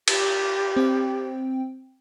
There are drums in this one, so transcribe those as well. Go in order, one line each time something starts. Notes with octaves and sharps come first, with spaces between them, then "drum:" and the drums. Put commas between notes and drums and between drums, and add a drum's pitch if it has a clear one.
G4, drum: cymbal
C4 G5